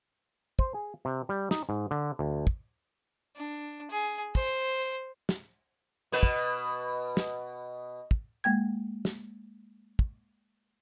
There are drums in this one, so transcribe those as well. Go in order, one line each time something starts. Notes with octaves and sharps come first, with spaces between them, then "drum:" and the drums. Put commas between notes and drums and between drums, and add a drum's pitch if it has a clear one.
C5, drum: kick
G#4
C3
G3
D#4, drum: snare
G#2
D3
D2
drum: kick
D4
G#4
C5, drum: kick
drum: snare
B2 B4
drum: kick
drum: snare
drum: kick
G#3 A#3 G5 G#6
drum: snare
drum: kick